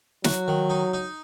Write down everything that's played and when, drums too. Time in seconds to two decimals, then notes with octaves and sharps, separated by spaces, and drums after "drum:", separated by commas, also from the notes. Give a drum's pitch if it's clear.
0.24 F#3 F#4, drum: snare
0.48 D#3
0.70 D#4
0.93 D#4